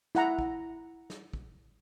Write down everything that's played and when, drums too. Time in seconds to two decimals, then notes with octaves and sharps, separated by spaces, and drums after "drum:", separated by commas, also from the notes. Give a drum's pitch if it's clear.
0.15 E4 F#5 A#5, drum: snare
0.39 drum: kick
1.10 drum: snare
1.33 drum: kick